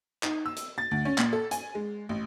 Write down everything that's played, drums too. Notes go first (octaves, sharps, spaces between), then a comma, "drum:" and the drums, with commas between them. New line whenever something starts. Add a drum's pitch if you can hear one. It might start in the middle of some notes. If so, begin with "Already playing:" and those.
D#4, drum: clap
E6
drum: hi-hat
A6
D2
C#4
A#2, drum: clap
A4
G#5, drum: hi-hat
G#3
A1